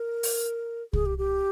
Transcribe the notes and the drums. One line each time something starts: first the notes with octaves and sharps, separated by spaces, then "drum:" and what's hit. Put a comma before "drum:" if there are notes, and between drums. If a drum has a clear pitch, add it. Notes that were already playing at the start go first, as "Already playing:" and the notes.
Already playing: A#4
drum: open hi-hat
G#4, drum: kick C2
G4
G4